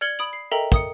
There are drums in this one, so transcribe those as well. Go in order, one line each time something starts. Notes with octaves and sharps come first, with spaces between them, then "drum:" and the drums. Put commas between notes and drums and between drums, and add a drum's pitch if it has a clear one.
D5 F6 G#6 C#7 F#7 G7
B5 D#6 D7 F#7
C7
A4 A#4 D#5 E5 G5 A#5
A#4 D#6 C#7, drum: kick